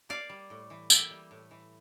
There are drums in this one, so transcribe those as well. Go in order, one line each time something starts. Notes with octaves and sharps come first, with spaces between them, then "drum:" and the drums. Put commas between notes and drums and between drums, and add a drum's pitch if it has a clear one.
A#3 D5 F5
G3
A2
E3
A#3 E5 G5, drum: tambourine
G3
A2
E3